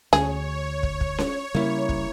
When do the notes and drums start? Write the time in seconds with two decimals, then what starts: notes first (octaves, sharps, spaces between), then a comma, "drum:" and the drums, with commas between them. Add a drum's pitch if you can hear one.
0.13 D2 G#4 C#5, drum: snare C#4
0.83 drum: kick
1.01 drum: kick
1.18 drum: snare C#4
1.55 C#3 G3 A#3 C#4 E4
1.89 drum: kick